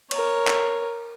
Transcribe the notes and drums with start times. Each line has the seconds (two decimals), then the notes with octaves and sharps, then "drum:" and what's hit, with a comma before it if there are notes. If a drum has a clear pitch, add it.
0.11 A#4 C#5, drum: cymbal
0.47 drum: clap